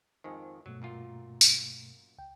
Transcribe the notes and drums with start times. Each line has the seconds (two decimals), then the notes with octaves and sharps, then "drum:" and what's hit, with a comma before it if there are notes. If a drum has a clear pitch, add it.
0.24 F2 G#2 D#3 C5 G#5
0.66 G2 B2 F#3 A3
0.82 F#2 A#2 F4
1.41 drum: tambourine
2.18 C#2 G5